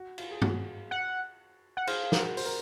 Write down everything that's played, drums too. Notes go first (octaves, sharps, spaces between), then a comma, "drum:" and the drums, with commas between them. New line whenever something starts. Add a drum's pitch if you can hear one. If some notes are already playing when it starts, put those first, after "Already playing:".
Already playing: F#4
F4, drum: cymbal
G#4
F#4, drum: tom G2
F#5
F#5
G#4 C5 F5, drum: cymbal
F#4 A#4, drum: snare
C5, drum: open hi-hat
A#4